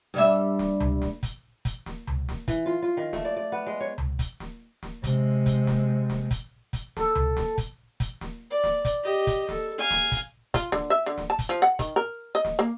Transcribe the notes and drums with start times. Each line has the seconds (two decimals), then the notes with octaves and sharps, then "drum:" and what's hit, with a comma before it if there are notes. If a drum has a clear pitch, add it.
0.14 G2 G3 E5
0.59 drum: snare
0.80 drum: tom C#2
1.02 drum: snare
1.23 drum: kick, hi-hat
1.65 drum: kick, hi-hat
1.86 drum: snare
2.07 drum: tom C#2
2.29 drum: snare
2.48 E3, drum: kick, hi-hat
2.66 F4
2.82 F4
2.97 D#3
3.13 A3, drum: snare
3.25 D5
3.36 D5
3.52 B3
3.66 G#3
3.80 C#5
3.98 drum: tom C#2
4.19 drum: kick, hi-hat
4.40 drum: snare
4.83 drum: snare
5.04 C3 G#3, drum: kick, hi-hat
5.46 drum: kick, hi-hat
5.67 drum: snare
6.10 drum: snare
6.31 drum: kick, hi-hat
6.73 drum: kick, hi-hat
6.97 A4, drum: snare
7.15 drum: tom C#2
7.37 drum: snare
7.58 drum: kick, hi-hat
8.00 drum: kick, hi-hat
8.21 drum: snare
8.50 D5
8.64 drum: snare
8.85 drum: kick, hi-hat
9.03 G4 D#5
9.27 drum: kick, hi-hat
9.49 A4, drum: snare
9.78 F5 G#5
9.91 drum: snare
10.12 drum: kick, hi-hat
10.54 F4, drum: kick, hi-hat
10.72 D3, drum: snare
10.90 E5
11.06 D3
11.18 drum: snare
11.30 A5
11.39 drum: kick, hi-hat
11.49 F3
11.62 F#5
11.79 D#3, drum: kick, hi-hat
11.96 A#4
12.35 D#5
12.45 drum: snare
12.59 A#3